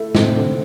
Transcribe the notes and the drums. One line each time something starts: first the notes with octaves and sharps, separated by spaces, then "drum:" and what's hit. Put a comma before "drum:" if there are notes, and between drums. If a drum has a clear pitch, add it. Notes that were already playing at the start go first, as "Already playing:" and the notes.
Already playing: A3 E4
A2 C3 C4, drum: snare
D3